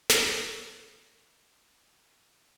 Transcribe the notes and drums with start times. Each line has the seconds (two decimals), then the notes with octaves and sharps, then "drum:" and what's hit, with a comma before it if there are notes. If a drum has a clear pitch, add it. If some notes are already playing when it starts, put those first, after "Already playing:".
0.10 A#2 F3, drum: snare